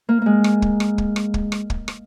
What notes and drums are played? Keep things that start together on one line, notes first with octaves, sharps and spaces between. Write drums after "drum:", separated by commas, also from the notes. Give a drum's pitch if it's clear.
A#3
G#3 A#3
drum: rim click
drum: kick
drum: rim click
drum: kick
drum: rim click
drum: kick
drum: rim click
drum: kick
drum: rim click